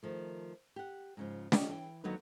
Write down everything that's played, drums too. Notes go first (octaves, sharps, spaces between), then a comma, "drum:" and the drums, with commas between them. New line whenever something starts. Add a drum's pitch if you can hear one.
D#3 F3 A3
G4 F#5
G#2 C#3 F3
C#4 F4 G4 D#5, drum: snare
E3 G5
D#2 D3 F#3 B3 D#4 B4